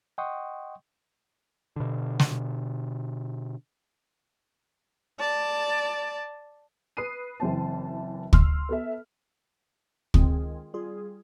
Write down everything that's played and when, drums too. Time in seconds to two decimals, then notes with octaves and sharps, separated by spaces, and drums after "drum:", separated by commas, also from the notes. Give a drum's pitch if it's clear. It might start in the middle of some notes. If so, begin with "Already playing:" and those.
0.18 D#5 F#5 G5 C6 C#6 D#6
1.76 B2 D3
2.20 drum: snare
5.20 D5 A5
6.97 B4 D#6 C7 D#7
7.40 F#1 E3 C4 A5
8.33 C6 E6 F6, drum: kick
8.69 B3 A4 E5
10.14 D#3 G#3 C4 F4 G#4, drum: kick
10.74 G3 F4 G#4